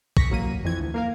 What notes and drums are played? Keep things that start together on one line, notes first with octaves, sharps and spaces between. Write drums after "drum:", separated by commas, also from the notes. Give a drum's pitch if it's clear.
C#6 A#6 B6, drum: kick A#1
A1 F#3 A#3 D#7
F2 E3 G#6
D2
A#3 A#4 F5